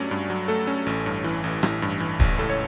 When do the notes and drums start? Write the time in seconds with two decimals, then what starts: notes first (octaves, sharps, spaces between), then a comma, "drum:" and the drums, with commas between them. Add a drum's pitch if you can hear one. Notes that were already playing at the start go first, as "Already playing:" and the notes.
Already playing: G2 F#3 A3 C#4 D5
0.11 G2
0.30 F#3
0.48 A3 A4
0.67 C#4
0.86 A1
1.06 G2
1.24 E3
1.44 A1
1.63 A1, drum: rim click
1.82 G2
2.00 E3
2.20 A1, drum: kick
2.38 C#2 A4
2.50 C#5